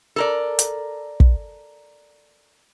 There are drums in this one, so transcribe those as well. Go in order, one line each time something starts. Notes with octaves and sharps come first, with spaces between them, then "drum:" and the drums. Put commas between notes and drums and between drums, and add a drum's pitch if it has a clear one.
A4 A#4 D5
drum: hi-hat
drum: kick